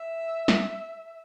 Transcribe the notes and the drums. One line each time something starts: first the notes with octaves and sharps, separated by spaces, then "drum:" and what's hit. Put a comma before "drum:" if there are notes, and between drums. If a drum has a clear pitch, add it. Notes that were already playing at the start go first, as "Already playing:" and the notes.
Already playing: E5
drum: snare